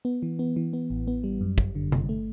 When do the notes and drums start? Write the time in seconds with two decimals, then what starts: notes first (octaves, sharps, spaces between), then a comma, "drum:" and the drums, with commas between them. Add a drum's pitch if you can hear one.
0.05 B3
0.23 E3
0.39 B3
0.56 E3
0.73 B3
0.90 A1
1.08 B3
1.24 G3
1.41 F#2
1.58 G1, drum: kick
1.75 D3
1.92 G1, drum: tom C3
2.09 A3